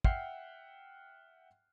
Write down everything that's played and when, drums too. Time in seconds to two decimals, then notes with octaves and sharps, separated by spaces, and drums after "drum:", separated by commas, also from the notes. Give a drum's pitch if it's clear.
0.04 E5 F#5 G5 F6 C7, drum: kick